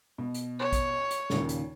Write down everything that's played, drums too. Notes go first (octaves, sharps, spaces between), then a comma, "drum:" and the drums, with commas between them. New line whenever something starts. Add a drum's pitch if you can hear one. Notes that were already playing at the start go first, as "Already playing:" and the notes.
B2
drum: hi-hat
C#5
drum: kick A1, hi-hat
drum: hi-hat
D#2 A#2 C#3, drum: snare
drum: hi-hat